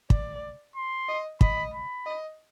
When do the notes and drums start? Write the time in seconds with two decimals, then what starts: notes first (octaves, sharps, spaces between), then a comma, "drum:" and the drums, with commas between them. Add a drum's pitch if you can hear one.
0.10 D5, drum: kick
0.76 C6
1.08 D#5
1.41 D#5 B5, drum: kick
1.74 B5
2.06 D#5